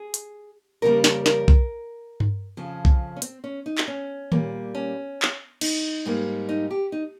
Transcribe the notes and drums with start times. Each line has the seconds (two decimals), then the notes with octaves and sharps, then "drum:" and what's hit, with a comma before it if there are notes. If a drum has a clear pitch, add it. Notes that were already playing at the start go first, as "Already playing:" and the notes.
Already playing: G#4
0.14 drum: hi-hat
0.82 F2 C#3 G3 A#3 A#4
1.04 A#4, drum: snare
1.26 A#4, drum: snare
1.48 drum: kick B1
2.20 drum: tom G2
2.57 F2 C#3 F3
2.85 drum: kick B1
3.16 C#4
3.22 C4, drum: hi-hat
3.44 C#4
3.66 D#4
3.78 drum: clap
3.88 C#4
4.32 A#2 G3 A#3, drum: tom D#3
4.75 C#4
5.22 drum: clap
5.61 D#4, drum: cymbal
6.06 G#2 G3 A#3
6.49 D#4
6.71 G4
6.92 D#4